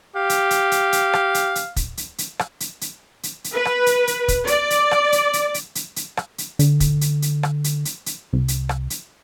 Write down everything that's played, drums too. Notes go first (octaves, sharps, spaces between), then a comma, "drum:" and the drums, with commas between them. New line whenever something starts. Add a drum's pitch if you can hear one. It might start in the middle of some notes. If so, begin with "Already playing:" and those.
G4 F5
drum: hi-hat
drum: hi-hat
drum: hi-hat
drum: hi-hat
drum: rim click
drum: hi-hat
drum: hi-hat
drum: kick, hi-hat
drum: hi-hat
drum: hi-hat
drum: rim click
drum: hi-hat
drum: hi-hat
drum: hi-hat
drum: hi-hat
B4
drum: rim click
drum: hi-hat
drum: hi-hat
drum: kick, hi-hat
D5, drum: hi-hat
drum: hi-hat
drum: rim click
drum: hi-hat
drum: hi-hat
drum: hi-hat
drum: hi-hat
drum: hi-hat
drum: rim click
drum: hi-hat
D3, drum: hi-hat
drum: kick, hi-hat
drum: hi-hat
drum: hi-hat
drum: rim click
drum: hi-hat
drum: hi-hat
drum: hi-hat
C2
drum: hi-hat
drum: rim click
drum: hi-hat